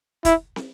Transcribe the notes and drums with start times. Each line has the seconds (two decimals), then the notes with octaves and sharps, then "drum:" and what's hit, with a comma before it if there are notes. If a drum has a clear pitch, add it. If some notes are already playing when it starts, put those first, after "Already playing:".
0.25 E4, drum: kick, hi-hat
0.56 drum: snare